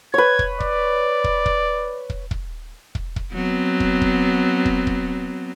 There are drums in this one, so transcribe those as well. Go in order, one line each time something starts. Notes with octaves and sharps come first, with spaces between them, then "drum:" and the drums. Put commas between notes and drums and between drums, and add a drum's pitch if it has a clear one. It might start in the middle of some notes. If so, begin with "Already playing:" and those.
B4 C#5 G#6
drum: kick
D5, drum: kick
drum: kick
drum: kick
drum: kick
drum: kick
drum: kick
drum: kick
F#3 B3 C4
drum: kick
drum: kick
drum: kick
drum: kick